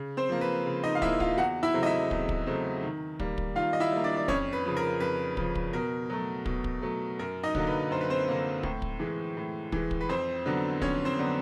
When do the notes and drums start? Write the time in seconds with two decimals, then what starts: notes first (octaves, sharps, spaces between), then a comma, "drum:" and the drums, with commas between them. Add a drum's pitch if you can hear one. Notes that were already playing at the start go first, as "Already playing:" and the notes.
Already playing: C#3
0.17 C4 C5
0.29 F3 A#3
0.41 B4
0.66 C#3
0.84 D#4 D#5
0.95 F5
1.02 F3 A#3 E4 E5, drum: kick
1.20 F4 F5, drum: kick
1.38 E2 F#4 F#5
1.63 E4 E5
1.74 C#3 F#3 A3 C4
1.83 D#5
1.86 E4 E5
2.11 E2, drum: kick
2.29 drum: kick
2.47 C#3 F#3 A3 C4
2.83 D#3
3.20 G3 A#3, drum: kick
3.38 drum: kick
3.56 D#3 F4 F5
3.73 D#5
3.80 E4 E5
3.93 G3 A#3
4.04 D4 D5
4.16 D5
4.28 F2 C#4 C#5, drum: kick
4.53 B4
4.65 C#3 F3
4.77 A#4
5.00 F2 B4
5.37 C#3 F3, drum: kick
5.55 drum: kick
5.73 B2 A#4
6.10 F#3 A3
6.46 B2, drum: kick
6.64 drum: kick
6.82 F#3 A3
7.19 F#2 A#4
7.43 D#4 D#5
7.55 D3 F#3 A#3, drum: kick
7.67 B4
7.91 F#2 C5
8.01 B4
8.10 C4 C5
8.28 D3 F#3 A#3
8.63 A2, drum: kick
8.82 drum: kick
9.00 E3 G#3
9.37 A2
9.72 E3 G#3, drum: kick
9.91 drum: kick
10.01 B4
10.09 F2 C4 C5
10.46 D3 F#3 B3 D4
10.82 F2 C#4 C#5, drum: kick
11.05 C4 C5
11.18 D3 F#3 B3 D4